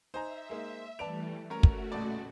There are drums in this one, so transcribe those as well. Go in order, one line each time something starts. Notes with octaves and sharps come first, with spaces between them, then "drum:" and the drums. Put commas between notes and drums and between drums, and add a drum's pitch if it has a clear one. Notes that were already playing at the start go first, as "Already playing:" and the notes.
D#4 C5 E5 G#5 A#5
G#3 A#3 D#4
E3 G3 A3 B4 D5 A5 D7 F7
A3 C#4 F#4 A#4
drum: kick
D#1 A1 C#3 D5 A5